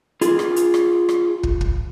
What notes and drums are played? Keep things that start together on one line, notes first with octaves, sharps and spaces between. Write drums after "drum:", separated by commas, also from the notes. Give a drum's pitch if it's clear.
F4 G#4, drum: hi-hat
drum: rim click
drum: hi-hat
drum: rim click
drum: rim click
drum: kick
drum: kick